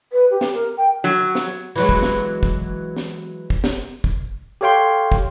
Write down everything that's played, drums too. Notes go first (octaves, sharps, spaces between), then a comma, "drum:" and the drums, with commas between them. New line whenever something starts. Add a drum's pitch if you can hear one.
B4
G4
drum: snare
A#4
G5
F#3
drum: snare
E3 F#3 G#3
drum: kick
drum: snare
drum: kick
drum: snare
drum: kick
drum: snare
drum: kick
G4 A4 C#5 F5 G5 C6
drum: kick